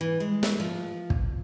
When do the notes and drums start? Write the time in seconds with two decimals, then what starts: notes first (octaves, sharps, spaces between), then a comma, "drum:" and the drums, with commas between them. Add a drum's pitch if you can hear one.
0.01 E3
0.20 G#3
0.43 drum: snare
0.60 F3
1.10 drum: kick